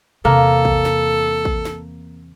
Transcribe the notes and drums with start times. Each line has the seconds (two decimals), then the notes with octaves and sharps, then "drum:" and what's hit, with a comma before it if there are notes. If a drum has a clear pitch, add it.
0.25 E2 C3 A#3 A4
0.65 drum: kick
0.85 drum: snare
1.45 drum: kick
1.65 drum: snare